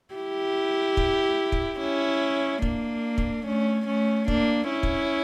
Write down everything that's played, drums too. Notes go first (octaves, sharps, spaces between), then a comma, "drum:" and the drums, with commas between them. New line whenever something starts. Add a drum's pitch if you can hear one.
E4 G4
drum: kick
drum: kick
C#4 E4
A#3 D4, drum: kick
drum: kick
A3 C#4
A3 C#4
A#3 D4, drum: kick
C#4 E4
drum: kick